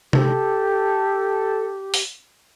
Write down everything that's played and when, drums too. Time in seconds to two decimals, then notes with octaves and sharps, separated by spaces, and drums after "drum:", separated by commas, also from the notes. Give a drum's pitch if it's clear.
0.13 G4 A4, drum: tom C3
1.94 drum: open hi-hat